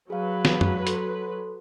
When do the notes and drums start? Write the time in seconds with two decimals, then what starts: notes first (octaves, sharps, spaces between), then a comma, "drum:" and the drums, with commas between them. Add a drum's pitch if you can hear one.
0.10 F#3 G#4 B4 F5
0.45 drum: snare
0.61 drum: tom
0.87 A4 C6, drum: hi-hat